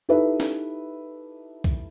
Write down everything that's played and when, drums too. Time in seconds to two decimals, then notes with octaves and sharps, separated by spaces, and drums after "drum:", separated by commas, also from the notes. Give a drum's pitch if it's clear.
0.09 D#4 E4 G4 A4 B4 E5
0.40 drum: snare
1.64 drum: kick C2